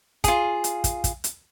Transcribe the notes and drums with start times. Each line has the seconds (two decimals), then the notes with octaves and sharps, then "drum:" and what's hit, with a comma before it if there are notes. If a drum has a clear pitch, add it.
0.24 F4 G#4, drum: kick, hi-hat
0.64 drum: hi-hat
0.84 drum: kick, hi-hat
1.04 drum: kick, hi-hat
1.24 drum: hi-hat